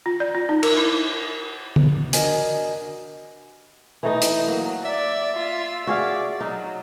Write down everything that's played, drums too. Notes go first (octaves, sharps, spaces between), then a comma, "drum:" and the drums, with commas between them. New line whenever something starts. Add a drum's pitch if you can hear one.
F4
D5
F4
D#4
A#4, drum: cymbal
E4
drum: tom
D4 F#4 A#4 D#5 G#5, drum: hi-hat
E3 A3 D#4 D#5
drum: hi-hat
F#3 A#3
D5 E5
F4
F#4 G#4 D5 F5
F#3 D#4